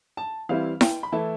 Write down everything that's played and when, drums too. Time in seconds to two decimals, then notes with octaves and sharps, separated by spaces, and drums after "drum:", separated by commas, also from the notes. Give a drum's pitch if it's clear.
0.17 A5
0.49 E3 G3 C4 E4 F5
0.81 G5, drum: snare E4
1.03 B5
1.12 E3 A3 E4 A5